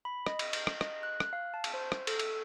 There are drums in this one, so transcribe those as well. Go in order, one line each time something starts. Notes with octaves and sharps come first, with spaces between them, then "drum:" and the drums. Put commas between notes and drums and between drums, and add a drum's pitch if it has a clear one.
B5
D#5, drum: rim click
drum: cymbal
drum: cymbal
drum: rim click
D#5, drum: rim click
F#6
F#6, drum: rim click
F5
A5
drum: cymbal
C5
drum: rim click
A4, drum: cymbal
drum: cymbal